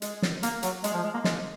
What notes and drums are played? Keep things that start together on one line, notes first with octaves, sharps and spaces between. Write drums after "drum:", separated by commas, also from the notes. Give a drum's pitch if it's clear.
G#3, drum: hi-hat
drum: snare
A#3, drum: hi-hat
F#3, drum: hi-hat
G#3, drum: hi-hat
F3
G#3
A#3
G#3, drum: snare